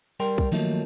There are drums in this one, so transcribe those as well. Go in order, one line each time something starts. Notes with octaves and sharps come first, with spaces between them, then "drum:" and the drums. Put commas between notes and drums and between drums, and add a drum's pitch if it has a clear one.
G3 A#4 G5 C6
drum: kick B1
D#3 F3 F#3 A3 A#3 D#4